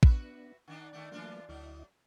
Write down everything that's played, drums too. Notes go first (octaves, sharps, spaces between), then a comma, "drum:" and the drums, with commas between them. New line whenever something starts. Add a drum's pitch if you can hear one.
B3 D4 F#4 B4 E5, drum: kick
D#3 D4 D#4 F#5
D#3 A3 D4
E3 F#3 A3 A#3 D4 F4
D2 F#3 A3 E4 D#5